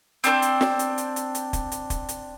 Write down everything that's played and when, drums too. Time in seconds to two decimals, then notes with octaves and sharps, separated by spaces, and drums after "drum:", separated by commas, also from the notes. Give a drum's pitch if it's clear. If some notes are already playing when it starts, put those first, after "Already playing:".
0.24 C4 D4 A4 C5, drum: hi-hat
0.42 drum: hi-hat
0.61 drum: snare
0.79 drum: hi-hat
0.98 drum: hi-hat
1.16 drum: hi-hat
1.35 drum: hi-hat
1.53 drum: kick, hi-hat
1.72 drum: hi-hat
1.90 drum: kick, hi-hat
2.09 drum: hi-hat